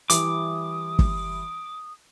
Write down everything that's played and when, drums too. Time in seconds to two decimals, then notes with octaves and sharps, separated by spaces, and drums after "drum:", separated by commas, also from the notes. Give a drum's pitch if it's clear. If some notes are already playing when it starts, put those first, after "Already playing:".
0.10 E3 G3 E4 D6 D#6, drum: hi-hat
0.99 drum: kick